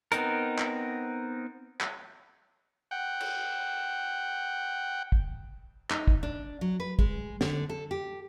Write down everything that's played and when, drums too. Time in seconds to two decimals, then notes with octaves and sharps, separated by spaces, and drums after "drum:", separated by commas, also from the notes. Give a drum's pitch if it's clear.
0.12 B3 C4 D#4 A#4, drum: hi-hat
0.58 drum: clap
1.81 drum: clap
2.91 F#5 G5
3.20 drum: cymbal
5.12 drum: kick
5.90 D#4, drum: clap
6.08 drum: kick
6.23 D4
6.61 F#3
6.80 B4
6.99 G#3, drum: kick
7.41 D3, drum: snare
7.69 A4
7.91 G4